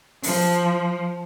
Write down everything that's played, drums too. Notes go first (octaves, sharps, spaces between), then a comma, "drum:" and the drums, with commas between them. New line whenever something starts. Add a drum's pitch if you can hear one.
F3, drum: open hi-hat